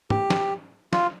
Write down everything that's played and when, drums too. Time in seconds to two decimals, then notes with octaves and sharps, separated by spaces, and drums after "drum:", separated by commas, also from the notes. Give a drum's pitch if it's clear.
0.10 G4, drum: tom
0.30 drum: snare
0.93 F4, drum: snare